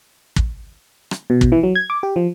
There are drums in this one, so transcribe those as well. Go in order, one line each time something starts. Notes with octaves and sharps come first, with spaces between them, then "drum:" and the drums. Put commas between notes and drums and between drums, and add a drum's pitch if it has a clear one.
drum: kick
drum: rim click
B2
drum: kick
E3
F#3
G#6
D6
G4
F3